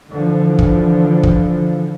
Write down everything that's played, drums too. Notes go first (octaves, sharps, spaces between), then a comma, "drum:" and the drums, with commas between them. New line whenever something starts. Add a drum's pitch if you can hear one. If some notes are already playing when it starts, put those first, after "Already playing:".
D3 E3 F3
drum: kick
drum: kick